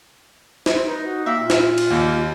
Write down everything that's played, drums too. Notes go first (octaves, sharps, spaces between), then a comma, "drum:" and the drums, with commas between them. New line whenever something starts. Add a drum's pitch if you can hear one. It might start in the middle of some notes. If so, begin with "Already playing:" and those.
C5, drum: snare
D#4 B4
F#4
A#3 E5 G5
A#2 F4
drum: snare
drum: cymbal
D#2 A#3